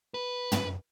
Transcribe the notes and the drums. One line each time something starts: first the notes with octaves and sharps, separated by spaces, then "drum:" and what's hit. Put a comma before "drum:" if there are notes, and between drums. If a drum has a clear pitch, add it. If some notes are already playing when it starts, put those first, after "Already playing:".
B4
drum: tom